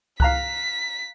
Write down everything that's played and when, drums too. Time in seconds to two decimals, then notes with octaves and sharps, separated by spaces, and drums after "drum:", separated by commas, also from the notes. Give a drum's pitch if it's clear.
0.20 F5 A#5 F#6 B6, drum: kick C2